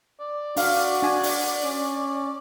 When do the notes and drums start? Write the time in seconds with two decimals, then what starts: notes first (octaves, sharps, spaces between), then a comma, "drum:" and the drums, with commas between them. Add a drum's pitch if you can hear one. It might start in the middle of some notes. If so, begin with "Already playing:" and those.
0.20 D5
0.56 D4 F#4 F5, drum: open hi-hat
1.03 D4 G#5
1.23 drum: open hi-hat
1.63 C#4